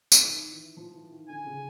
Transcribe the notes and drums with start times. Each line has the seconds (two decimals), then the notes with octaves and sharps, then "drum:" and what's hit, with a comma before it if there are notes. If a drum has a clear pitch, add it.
0.12 drum: tambourine
0.24 D#3
0.51 E3
0.77 F3
0.94 E3
1.11 D#3
1.29 D3 G#5
1.46 C#3